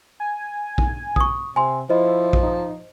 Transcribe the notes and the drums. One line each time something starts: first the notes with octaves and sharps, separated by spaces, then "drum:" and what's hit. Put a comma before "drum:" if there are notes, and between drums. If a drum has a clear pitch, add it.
G#5
drum: kick A#1
C#6 D#6, drum: kick A#1
C3 G#5 C6
F3 E4 C5 D#5
drum: kick A#1
D#4